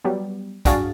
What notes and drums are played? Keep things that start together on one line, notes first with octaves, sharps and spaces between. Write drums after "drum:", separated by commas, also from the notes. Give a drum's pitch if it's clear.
F#3 G3 B3
G2 D4 F#4 G#4 F5 A6, drum: kick, hi-hat